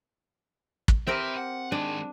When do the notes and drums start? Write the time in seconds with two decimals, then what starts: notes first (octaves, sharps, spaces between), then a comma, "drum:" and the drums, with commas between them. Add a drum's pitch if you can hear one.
0.88 drum: kick
1.07 C4 G4 A#4 B4 E5
1.37 F#5
1.72 D#3 G#3 D4